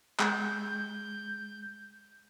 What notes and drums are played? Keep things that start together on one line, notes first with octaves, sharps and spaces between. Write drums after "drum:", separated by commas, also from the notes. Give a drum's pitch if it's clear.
G#3 G6, drum: clap